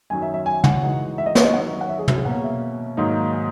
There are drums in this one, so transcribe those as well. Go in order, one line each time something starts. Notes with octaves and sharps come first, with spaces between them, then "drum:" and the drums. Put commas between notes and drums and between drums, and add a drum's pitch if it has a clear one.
F#2 D#3 F#3 C#4 G#5
E5
E5
G#5
F#5, drum: tom
E3 G#3 D#4 F#4
E5
D#5
C#5, drum: snare
D#5
D#3 F#3 C#4 F#4 F#5
F#5
E5
G#4
F#4, drum: tom
G#4
B2 A#3 C#4 F#5
E5
G#2 D#3 F#3 A#3 D#4
G#5